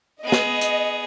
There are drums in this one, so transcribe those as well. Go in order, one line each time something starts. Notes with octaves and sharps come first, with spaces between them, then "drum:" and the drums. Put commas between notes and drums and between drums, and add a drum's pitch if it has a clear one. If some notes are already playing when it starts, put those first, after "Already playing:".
B3 G#4 D#5
drum: snare
drum: hi-hat